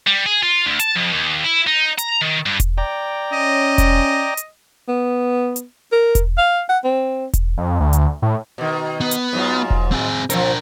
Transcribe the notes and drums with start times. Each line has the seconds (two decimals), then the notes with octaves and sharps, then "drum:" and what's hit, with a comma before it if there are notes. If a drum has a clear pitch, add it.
0.07 G3
0.26 G#4
0.43 F4
0.66 D2
0.79 A5, drum: hi-hat
0.95 F2
1.13 D#2
1.45 E4
1.67 D#4
1.98 A#5, drum: hi-hat
2.21 D#3
2.46 G2
2.60 drum: kick E1, hi-hat
2.78 D5 G5 A#5
3.32 C#4 D#5
3.78 drum: kick E1, hi-hat
4.37 drum: hi-hat
4.88 B3
5.56 drum: hi-hat
5.92 A#4
6.15 drum: kick E1, hi-hat
6.38 F5
6.69 F#5
6.84 C4
7.33 drum: kick E1, hi-hat
7.58 F2
7.80 D2
7.93 drum: hi-hat
8.22 A2
8.58 B2 D#3
9.01 B3
9.11 drum: hi-hat
9.33 G#2 F#3 F4
9.70 drum: kick E1
9.92 C4 G#4
10.30 F3 C4 D4 A#4, drum: hi-hat